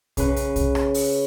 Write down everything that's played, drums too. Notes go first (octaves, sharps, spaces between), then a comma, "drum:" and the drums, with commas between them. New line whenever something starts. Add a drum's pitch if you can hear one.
C#3 B4, drum: kick, hi-hat
drum: hi-hat
drum: kick, hi-hat
drum: rim click
drum: open hi-hat